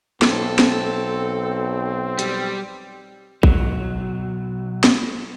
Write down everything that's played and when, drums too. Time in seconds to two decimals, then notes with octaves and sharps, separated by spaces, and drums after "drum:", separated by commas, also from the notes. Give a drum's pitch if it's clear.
0.22 B1 C4 A4, drum: snare
0.59 drum: snare
2.19 G3, drum: hi-hat
3.43 B1 F#3, drum: kick A1
4.84 drum: snare